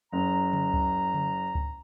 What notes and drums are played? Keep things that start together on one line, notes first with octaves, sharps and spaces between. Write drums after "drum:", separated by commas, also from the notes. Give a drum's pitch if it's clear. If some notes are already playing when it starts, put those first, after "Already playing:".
F#1 A#5
drum: tom C#3
drum: kick
drum: tom C#3
drum: kick